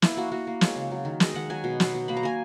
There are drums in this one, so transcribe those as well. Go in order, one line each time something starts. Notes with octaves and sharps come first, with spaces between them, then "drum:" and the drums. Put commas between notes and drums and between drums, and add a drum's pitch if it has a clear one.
A#3 E4, drum: snare
A#3 F#4
A#3 F#4
A#3
G#3 C#5, drum: snare
C#3
F#3
D#3
G#3 D#5, drum: snare
D#3 F#5
F#3 G#5
B2
F#3, drum: snare
B2
A#3 B5
A#5
A#3 G#5